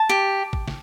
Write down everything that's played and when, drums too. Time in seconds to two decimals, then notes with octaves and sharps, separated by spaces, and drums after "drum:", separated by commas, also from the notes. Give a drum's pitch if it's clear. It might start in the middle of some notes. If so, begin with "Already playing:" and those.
Already playing: A5
0.09 G4
0.53 drum: kick
0.68 drum: snare